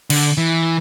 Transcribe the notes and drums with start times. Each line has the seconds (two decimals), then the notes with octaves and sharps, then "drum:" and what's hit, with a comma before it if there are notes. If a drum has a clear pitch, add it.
0.10 D3, drum: cymbal
0.38 E3